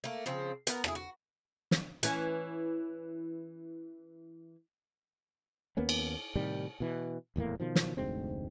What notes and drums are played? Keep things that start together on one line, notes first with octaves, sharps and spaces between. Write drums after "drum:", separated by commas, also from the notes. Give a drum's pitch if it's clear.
A3 A#3
C#3 F3 C4
B3 A#4, drum: hi-hat
D4 E4 G#4, drum: rim click
F#4
drum: snare
E3 C#4, drum: hi-hat
D#2 A#3 B3 C#4
drum: cymbal
A2 C3 D#3 G3
B2 E3
D#1 E2 A2 A#3
B2 D#3 F3
drum: snare
F1 D2 G#2 C4